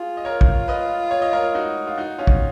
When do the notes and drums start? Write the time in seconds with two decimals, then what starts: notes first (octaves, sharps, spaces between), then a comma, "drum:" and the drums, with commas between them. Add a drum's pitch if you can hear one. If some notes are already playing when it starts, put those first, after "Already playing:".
Already playing: F4 G#4
0.17 D#5
0.25 A#4 C#5
0.41 drum: kick
0.68 B4 D#5
1.11 C#5
1.22 D#5
1.33 A#4 C#5
1.55 D#4 F#4
1.87 F4
1.97 D#4 F#4
2.18 C#4 F4
2.27 drum: kick